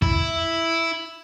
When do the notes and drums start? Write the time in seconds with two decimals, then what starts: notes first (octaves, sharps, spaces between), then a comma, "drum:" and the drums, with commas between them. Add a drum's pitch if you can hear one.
0.02 E4, drum: kick